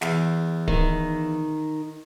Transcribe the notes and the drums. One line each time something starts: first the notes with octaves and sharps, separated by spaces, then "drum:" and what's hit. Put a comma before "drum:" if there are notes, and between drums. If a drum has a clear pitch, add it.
E2, drum: snare
D#3, drum: kick D1